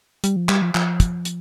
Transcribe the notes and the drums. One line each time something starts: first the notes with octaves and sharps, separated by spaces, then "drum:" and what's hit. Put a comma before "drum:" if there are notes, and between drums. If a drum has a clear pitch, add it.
G3, drum: hi-hat
F3
G3, drum: clap
F3
F3, drum: clap
drum: kick, hi-hat
drum: hi-hat